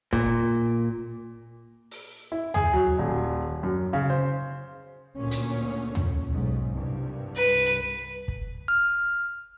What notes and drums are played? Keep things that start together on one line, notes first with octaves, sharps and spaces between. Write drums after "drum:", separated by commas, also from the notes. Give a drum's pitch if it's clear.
A#2, drum: kick
drum: open hi-hat
E4
G#4, drum: tom
F#3
D#1
F#2
C#3
C5
D2 A#2 C#4
drum: hi-hat
drum: tom
B1 G#2
C2 G2
B4
drum: kick
F6